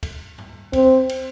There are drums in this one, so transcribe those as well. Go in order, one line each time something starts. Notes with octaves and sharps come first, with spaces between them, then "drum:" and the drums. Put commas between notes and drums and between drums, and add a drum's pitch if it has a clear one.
drum: kick, cymbal
drum: tom G2
C4, drum: kick, cymbal
drum: cymbal